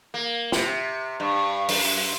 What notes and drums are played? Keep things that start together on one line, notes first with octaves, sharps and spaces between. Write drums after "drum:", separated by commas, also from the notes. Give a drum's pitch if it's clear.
A#3
C3, drum: snare
G2
F#2, drum: open hi-hat